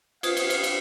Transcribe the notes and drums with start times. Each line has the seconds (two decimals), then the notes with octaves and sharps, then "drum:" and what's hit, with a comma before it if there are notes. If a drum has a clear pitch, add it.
0.23 F4 B4 C5 F5 D#6 G#6, drum: cymbal
0.37 drum: cymbal
0.50 drum: cymbal
0.63 drum: cymbal